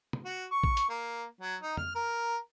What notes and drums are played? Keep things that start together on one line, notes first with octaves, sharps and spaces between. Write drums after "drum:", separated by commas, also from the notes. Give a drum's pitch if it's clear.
drum: tom
F#4
C#6
drum: kick A#1
drum: hi-hat
A#3
F#3
D#4
F6, drum: tom F2
A#4